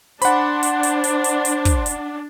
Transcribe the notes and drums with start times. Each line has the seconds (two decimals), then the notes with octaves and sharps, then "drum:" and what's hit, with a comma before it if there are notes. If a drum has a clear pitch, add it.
0.22 D4 C5 F#5 B5, drum: hi-hat
0.63 drum: hi-hat
0.83 drum: hi-hat
1.04 drum: hi-hat
1.24 drum: hi-hat
1.45 drum: hi-hat
1.65 drum: kick, hi-hat
1.86 drum: hi-hat